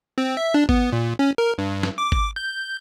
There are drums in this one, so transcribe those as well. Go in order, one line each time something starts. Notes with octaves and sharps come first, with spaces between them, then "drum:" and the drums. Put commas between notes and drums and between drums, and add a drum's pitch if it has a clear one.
C4
E5
D4
B3, drum: kick G#1
A#2
C#4
A#4
G2
drum: snare
D6
drum: kick G#1
G6